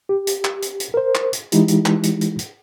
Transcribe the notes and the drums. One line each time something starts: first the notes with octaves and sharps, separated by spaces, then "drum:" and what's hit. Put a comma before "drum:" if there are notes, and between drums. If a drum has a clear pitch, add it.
G4
drum: hi-hat
drum: clap
drum: hi-hat
drum: hi-hat
A#4 C5
drum: clap
drum: hi-hat
E3 G#3 D#4 E4 G4, drum: hi-hat
drum: hi-hat
drum: clap
drum: hi-hat
drum: hi-hat
drum: hi-hat